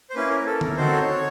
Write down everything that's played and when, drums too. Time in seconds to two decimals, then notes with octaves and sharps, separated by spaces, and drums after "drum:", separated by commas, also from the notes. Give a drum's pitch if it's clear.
0.10 C5
0.15 A#3 C#4 E4 B4
0.30 A#4
0.46 A4
0.61 A#4, drum: tom D3
0.77 C4 D#4 F#4 A4 C5
0.92 C#5